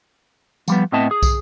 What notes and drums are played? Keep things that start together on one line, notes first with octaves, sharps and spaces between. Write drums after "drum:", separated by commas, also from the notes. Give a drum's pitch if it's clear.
F3 G3 B3, drum: tambourine
A2 B3 C4 D#5 E5 A5
G#4
drum: kick, tambourine